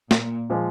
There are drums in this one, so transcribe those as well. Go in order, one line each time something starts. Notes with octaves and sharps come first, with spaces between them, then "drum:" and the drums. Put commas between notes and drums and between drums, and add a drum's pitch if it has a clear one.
A#2, drum: snare
A#2 F3 G#3